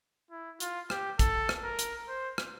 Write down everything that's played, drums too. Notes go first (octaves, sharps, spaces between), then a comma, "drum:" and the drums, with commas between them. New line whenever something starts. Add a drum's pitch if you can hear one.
E4
F4, drum: hi-hat
G4, drum: rim click
A4, drum: kick, hi-hat
drum: rim click
A#4
drum: hi-hat
C5
drum: rim click